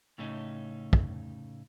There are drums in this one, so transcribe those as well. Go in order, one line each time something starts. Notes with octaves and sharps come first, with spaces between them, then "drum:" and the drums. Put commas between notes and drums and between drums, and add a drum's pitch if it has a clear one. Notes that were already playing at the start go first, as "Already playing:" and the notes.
A2 C#3 A3 C#4 D#4
drum: kick